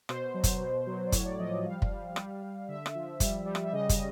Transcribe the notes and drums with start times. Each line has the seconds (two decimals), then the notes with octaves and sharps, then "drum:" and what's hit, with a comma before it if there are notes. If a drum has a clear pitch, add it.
0.09 B2 C5, drum: rim click
0.34 F#3
0.44 drum: kick, hi-hat
0.60 B2
0.86 F#3
1.06 D5
1.12 A2 C#5, drum: kick, hi-hat
1.25 D5
1.39 F3 D#5
1.65 G3 F5
1.82 drum: kick
1.91 G3
2.16 G3, drum: rim click
2.43 G3
2.68 D3 E5
2.86 drum: rim click
2.95 F3
3.20 G3, drum: kick, hi-hat
3.46 G3
3.55 drum: rim click
3.64 E5
3.73 C#3 D#5
3.89 drum: kick, hi-hat